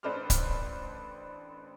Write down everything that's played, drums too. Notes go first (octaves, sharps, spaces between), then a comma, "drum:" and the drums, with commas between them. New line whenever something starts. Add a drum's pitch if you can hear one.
A1 D4 B4 C5 D6 F6
drum: kick C#1, hi-hat